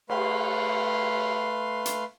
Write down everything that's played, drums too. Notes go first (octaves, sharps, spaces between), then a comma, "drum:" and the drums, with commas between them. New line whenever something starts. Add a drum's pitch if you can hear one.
A3 B4 F5 C6, drum: cymbal
drum: hi-hat